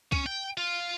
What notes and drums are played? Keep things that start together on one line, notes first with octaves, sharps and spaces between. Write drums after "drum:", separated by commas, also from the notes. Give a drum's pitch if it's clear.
C#4, drum: kick C2
G5
F4